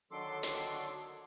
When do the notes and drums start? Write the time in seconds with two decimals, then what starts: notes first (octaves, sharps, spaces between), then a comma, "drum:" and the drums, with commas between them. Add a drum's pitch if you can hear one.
0.11 D3 D#3 F#3 A4 C6 D6
0.43 drum: hi-hat